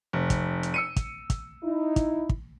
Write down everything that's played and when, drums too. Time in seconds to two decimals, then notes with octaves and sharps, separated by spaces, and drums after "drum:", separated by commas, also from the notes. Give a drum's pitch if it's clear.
0.13 F1
0.30 drum: kick, hi-hat
0.63 drum: hi-hat
0.74 E6 C#7 D#7
0.96 drum: kick, hi-hat
1.30 drum: kick, hi-hat
1.63 D#4 E4
1.96 drum: kick, hi-hat
2.29 drum: kick